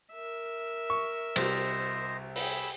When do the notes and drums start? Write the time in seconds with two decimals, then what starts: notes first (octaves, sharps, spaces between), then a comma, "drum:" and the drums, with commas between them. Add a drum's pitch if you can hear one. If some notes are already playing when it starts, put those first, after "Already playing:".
0.13 A#4 E5
0.90 C#6
1.36 C2 C5 D#5, drum: cymbal
2.36 G#4 G5 B5 E6, drum: open hi-hat